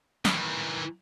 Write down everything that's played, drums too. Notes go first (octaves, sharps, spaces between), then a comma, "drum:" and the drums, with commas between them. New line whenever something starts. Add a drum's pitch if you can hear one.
D#3 E3, drum: snare